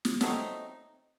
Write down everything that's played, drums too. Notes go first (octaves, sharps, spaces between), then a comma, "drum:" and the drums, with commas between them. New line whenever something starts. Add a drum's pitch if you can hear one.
drum: snare
F#3 A3 C4 D#4, drum: snare